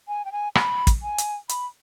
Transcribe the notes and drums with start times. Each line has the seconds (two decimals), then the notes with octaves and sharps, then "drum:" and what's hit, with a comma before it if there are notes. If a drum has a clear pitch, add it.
0.08 G#5
0.25 G5
0.32 G#5
0.55 B5, drum: rim click
0.87 drum: kick, hi-hat
1.03 G#5
1.18 drum: hi-hat
1.49 B5, drum: hi-hat